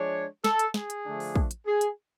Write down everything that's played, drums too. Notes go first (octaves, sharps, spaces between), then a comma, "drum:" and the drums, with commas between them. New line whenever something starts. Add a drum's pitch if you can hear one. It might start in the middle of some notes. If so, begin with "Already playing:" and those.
Already playing: F3 G#3 D4 C#5
A4, drum: snare
drum: hi-hat
G#4, drum: snare
drum: hi-hat
D3 F3 A3 D4
drum: open hi-hat
drum: kick
drum: hi-hat
G#4
drum: hi-hat